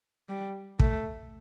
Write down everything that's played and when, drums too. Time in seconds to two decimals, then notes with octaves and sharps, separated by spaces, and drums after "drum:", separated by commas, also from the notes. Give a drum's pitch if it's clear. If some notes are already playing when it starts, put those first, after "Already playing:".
0.29 G3
0.80 A3, drum: kick